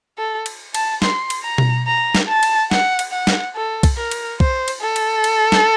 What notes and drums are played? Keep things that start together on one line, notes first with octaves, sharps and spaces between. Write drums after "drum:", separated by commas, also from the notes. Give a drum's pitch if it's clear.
A4
drum: cymbal
A5, drum: cymbal
C6, drum: snare
drum: cymbal
A#5
drum: tom B2
A#5
drum: snare
A5
drum: cymbal
F#5, drum: snare
drum: cymbal
F#5
drum: snare
A4
drum: kick B1, cymbal
A#4
drum: cymbal
C5, drum: kick B1
drum: cymbal
A4
drum: cymbal
drum: cymbal
drum: snare